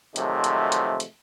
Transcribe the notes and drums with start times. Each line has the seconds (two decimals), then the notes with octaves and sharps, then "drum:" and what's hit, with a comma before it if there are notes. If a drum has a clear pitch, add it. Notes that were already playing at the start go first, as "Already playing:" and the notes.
0.16 C3 D#3 F3 F#3 G#3 A3, drum: hi-hat
0.44 drum: hi-hat
0.72 drum: hi-hat
1.00 drum: hi-hat